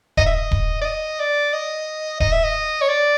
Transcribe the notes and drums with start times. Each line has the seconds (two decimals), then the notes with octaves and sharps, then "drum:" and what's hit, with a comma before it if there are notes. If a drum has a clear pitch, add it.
0.17 D#5, drum: kick D#1
0.26 E5
0.34 D#5
0.51 drum: kick D#1
0.81 D5
0.85 D#5
1.19 D5
1.53 D#5
2.20 D#5, drum: kick D#1
2.32 E5
2.44 D#5
2.81 C#5
2.88 D5